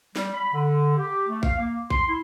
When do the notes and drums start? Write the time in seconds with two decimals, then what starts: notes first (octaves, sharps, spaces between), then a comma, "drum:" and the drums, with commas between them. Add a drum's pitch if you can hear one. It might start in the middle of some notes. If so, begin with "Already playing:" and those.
0.16 G3, drum: snare
0.35 B5
0.53 D3
0.97 G4
1.28 A3
1.43 F5, drum: kick A#1
1.59 A#3
1.90 C6, drum: kick A#1
2.08 E4